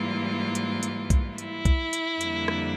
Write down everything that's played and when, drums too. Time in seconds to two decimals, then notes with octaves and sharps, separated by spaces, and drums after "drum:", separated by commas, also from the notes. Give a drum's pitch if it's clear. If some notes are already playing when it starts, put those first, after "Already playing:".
Already playing: G#2 E3 G3 A#3 F4
0.55 drum: hi-hat
0.83 drum: hi-hat
1.10 drum: kick, hi-hat
1.38 E4, drum: hi-hat
1.65 drum: kick, hi-hat
1.93 drum: hi-hat
2.21 F2 D3 G3 A#3, drum: hi-hat
2.48 drum: rim click